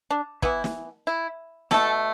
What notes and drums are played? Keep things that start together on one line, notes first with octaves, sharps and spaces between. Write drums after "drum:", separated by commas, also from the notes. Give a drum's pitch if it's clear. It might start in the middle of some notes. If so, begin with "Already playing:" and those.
D4
E3 B3 E4, drum: kick
drum: snare
E4
B2 A3 A4, drum: snare